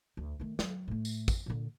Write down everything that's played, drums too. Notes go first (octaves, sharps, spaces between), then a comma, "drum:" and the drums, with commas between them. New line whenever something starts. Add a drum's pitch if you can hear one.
D2
D#3 A3
F#3, drum: snare
A2 A3
drum: tambourine
drum: kick, tambourine
A#2 D3